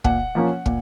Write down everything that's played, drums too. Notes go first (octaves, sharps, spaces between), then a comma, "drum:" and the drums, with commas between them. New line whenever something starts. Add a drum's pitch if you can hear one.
A#2 F#5, drum: kick
F3 A#3 C#4
A#2, drum: kick